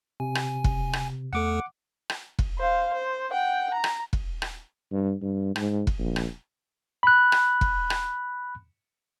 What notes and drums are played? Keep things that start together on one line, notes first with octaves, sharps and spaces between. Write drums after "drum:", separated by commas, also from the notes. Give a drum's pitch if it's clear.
C3 G#5
drum: rim click
drum: kick F1
drum: rim click
E2 A3 A4 F#5 D6
drum: rim click
drum: kick F1
C5 F5
C5
F#5 G5
A#5
drum: rim click
drum: kick F1
drum: rim click
G2
G2
G#2, drum: rim click
drum: kick F1
A#1
drum: rim click
B5 F#6
drum: rim click
drum: kick F1
drum: rim click